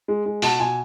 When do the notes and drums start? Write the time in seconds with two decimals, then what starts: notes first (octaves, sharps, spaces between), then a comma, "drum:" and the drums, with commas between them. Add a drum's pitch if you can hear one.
0.08 G#3
0.26 G#3
0.42 B2 A5, drum: open hi-hat
0.60 B2 G#5